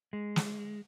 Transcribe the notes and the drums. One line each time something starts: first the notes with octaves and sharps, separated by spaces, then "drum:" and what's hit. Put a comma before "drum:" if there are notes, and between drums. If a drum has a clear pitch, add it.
G#3
drum: snare